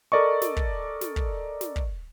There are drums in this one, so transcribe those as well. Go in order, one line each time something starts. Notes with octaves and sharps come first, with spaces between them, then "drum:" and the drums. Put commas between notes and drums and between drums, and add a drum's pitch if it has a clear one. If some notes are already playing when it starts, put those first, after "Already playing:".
A4 A#4 D5 D#5 C#6
drum: snare
drum: kick
drum: snare
drum: kick
drum: snare
drum: kick